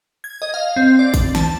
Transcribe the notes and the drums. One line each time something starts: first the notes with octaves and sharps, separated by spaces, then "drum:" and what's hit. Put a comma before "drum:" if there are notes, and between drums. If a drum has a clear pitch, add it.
G#6
D#5
F5
C4
D5
drum: kick, hi-hat
A5, drum: snare